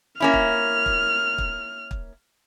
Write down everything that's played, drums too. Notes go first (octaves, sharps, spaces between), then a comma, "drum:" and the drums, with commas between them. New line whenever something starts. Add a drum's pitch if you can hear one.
A#3 C#4 E4 F6
drum: kick
drum: kick
drum: kick
drum: kick